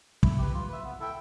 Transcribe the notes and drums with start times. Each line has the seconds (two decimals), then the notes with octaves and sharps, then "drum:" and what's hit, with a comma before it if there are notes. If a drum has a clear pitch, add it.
0.23 E4, drum: kick
0.38 G4 B4
0.54 F4
0.69 B4 E5
0.84 B3
1.00 E4 A4 E5 G5